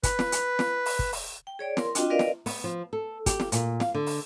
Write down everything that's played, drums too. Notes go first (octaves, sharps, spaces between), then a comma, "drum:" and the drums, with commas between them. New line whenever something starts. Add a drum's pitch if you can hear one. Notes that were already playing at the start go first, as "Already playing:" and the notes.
B4, drum: kick, hi-hat
drum: snare
drum: hi-hat
drum: snare
drum: open hi-hat
drum: kick
drum: open hi-hat
G5
G#4 C#5 D5
A#4 C6, drum: snare
C4 D4 F4 F#4 D#5 G5, drum: hi-hat
A#4 B4 D5 D#5 F5
drum: snare
B3, drum: open hi-hat
F3
A4
G4, drum: kick, hi-hat
drum: snare
A#2, drum: hi-hat
F5, drum: snare
D3
drum: open hi-hat